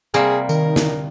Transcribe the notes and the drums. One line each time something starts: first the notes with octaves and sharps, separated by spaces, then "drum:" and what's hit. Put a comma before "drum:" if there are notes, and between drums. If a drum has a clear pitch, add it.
C3 G3 A#3 G#4
D#3 A#4, drum: tambourine
drum: snare